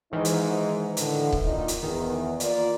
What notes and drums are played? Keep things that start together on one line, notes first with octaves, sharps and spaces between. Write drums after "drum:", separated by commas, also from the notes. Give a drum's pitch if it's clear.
G#2 D#3 E3 D#4
drum: hi-hat
A2 D3, drum: hi-hat
drum: kick
A#2 D#4
drum: hi-hat
E2 D#3
A#3 F4 D5, drum: hi-hat